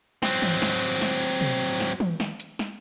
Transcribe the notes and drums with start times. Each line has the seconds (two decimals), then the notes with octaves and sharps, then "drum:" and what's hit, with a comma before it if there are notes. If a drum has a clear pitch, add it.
0.23 F#3 C4, drum: snare
0.42 drum: tom
0.62 drum: snare
1.01 drum: snare
1.21 drum: hi-hat
1.41 drum: tom B2
1.61 drum: hi-hat
1.80 drum: snare
2.00 drum: tom
2.20 drum: snare
2.40 drum: hi-hat
2.59 drum: snare